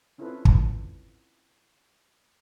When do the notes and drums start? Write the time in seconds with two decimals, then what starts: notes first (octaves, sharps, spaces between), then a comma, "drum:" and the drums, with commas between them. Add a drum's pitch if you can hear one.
0.18 C4 C#4 E4 F4 A4 B4
0.45 drum: kick